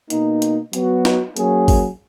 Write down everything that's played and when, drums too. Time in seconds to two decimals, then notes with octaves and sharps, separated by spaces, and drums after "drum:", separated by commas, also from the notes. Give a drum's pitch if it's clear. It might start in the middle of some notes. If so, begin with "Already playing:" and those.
0.10 B2 A#3 D#4, drum: hi-hat
0.42 drum: hi-hat
0.73 F#3 B3 F#4, drum: hi-hat
1.05 drum: snare
1.37 F#3 A#3 C#4 G#4, drum: hi-hat
1.68 drum: kick G#1, open hi-hat